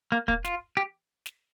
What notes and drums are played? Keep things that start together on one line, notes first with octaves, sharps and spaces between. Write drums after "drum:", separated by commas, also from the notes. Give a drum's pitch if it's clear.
A#3
A#3, drum: kick
F4, drum: snare
G4
drum: snare